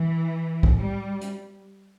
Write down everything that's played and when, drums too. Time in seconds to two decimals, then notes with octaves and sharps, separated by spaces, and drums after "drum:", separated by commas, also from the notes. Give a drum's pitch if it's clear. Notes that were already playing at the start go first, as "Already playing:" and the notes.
Already playing: E3
0.63 drum: kick
0.78 G3
1.21 drum: hi-hat